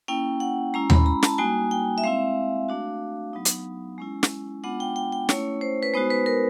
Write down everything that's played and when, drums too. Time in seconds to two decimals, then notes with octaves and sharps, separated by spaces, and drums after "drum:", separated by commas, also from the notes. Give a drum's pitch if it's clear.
0.08 A#3 C#4 E4 G5
0.40 F#5
0.74 G#3 C#4 E4 A#5
0.90 B5, drum: tom D#2
1.06 A#5
1.23 A5, drum: snare
1.38 G3 A#3 D#4 F#4 G#5
1.71 G5
1.98 E5
2.03 G#3 C4 E4 F5
2.69 A3 D4 F#4
3.33 F#3 B3 D#4
3.45 drum: hi-hat
3.98 G#3 C#4 E4
4.23 drum: snare
4.63 G#3 B3 D4 F4 F#5
4.80 G5
4.96 G5
5.12 G5
5.29 A3 C#4 E4 C#5, drum: snare
5.61 C5
5.83 B4
5.93 G#3 B3 D#4 F#4 C5
6.10 B4
6.26 A#4